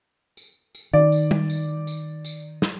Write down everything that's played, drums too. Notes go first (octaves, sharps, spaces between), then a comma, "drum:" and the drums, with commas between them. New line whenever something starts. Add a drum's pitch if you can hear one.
drum: tambourine
drum: tambourine
D#3 D5
drum: tambourine
drum: tom G3
drum: tambourine
drum: tambourine
drum: tambourine
drum: snare